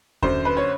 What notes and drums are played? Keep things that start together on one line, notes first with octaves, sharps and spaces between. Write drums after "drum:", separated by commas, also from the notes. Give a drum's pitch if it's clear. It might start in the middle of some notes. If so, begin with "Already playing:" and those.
F#2 D3 C5, drum: kick D#2
B4
C#5